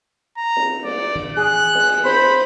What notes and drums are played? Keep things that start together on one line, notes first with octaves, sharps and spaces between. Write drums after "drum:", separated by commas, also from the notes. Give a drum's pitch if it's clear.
A#5
drum: cymbal
D5, drum: cymbal
drum: tom E3
G#4 F#6
drum: cymbal
C5 B5, drum: cymbal